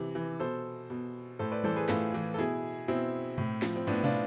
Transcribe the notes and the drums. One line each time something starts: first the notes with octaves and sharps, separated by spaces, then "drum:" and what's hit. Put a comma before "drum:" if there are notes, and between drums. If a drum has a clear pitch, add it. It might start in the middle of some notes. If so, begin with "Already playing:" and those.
Already playing: C3 E3
E3
B2 A4 C5
B2
A2 A4 C5
B4 D5
E3 A4 C5, drum: tom G3
G#4 B4
A2 F4 A4, drum: snare
E3
A4
B2 E4 G#4
B2 C4 E4
A2, drum: tom B2
F3, drum: snare
C4
A2 B3 D4
D4 F4, drum: tom B2